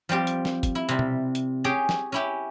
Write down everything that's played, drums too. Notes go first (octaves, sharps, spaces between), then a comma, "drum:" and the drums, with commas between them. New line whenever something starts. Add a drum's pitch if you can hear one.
F3 G3 C4 G4
drum: hi-hat
drum: snare
drum: kick, hi-hat
E4
C3 G3
drum: tom B2
drum: hi-hat
C#4 G4 G#4 G5
drum: snare
C#4 E4 G4